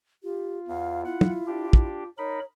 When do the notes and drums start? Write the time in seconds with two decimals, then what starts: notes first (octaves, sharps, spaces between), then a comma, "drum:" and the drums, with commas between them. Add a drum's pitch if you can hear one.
0.24 F4 G4
0.68 E2 F5
1.05 E4 F#5
1.21 drum: tom
1.47 D4 G4
1.73 drum: kick
2.18 D#4 A#4 C#5 B5